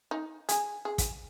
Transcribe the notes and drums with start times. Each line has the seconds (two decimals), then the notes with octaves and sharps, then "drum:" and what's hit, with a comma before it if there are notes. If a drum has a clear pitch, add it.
0.11 D#4
0.49 G#4, drum: hi-hat
0.85 G#4
0.98 drum: kick, hi-hat